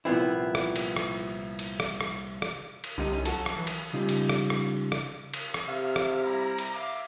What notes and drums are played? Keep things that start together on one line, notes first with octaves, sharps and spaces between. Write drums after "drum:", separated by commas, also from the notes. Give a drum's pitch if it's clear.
C2 A#2 F3 B3 C4 E4
drum: rim click
drum: cymbal
drum: rim click
drum: cymbal
drum: rim click
drum: rim click
drum: rim click
drum: cymbal
C2 D3 G3 D#4
C#4
F#3 F#4 A4, drum: cymbal
drum: rim click
E3
drum: cymbal
C#3 G3 D#4 F4
drum: cymbal
drum: rim click
drum: rim click
drum: rim click
drum: cymbal
drum: rim click
C3 E5 F5
drum: rim click
G3 E4 A#5
drum: cymbal
E5 F5 D6